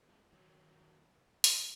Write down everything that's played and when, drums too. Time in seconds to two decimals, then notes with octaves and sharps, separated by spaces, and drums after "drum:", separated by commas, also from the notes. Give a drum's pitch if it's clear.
0.09 F3 G#3
0.32 D#3 F#3
1.44 drum: hi-hat